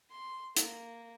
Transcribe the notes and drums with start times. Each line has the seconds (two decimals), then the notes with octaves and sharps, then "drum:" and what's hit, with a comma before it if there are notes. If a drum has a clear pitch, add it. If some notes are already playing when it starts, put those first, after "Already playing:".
0.11 C6
0.57 A#3, drum: hi-hat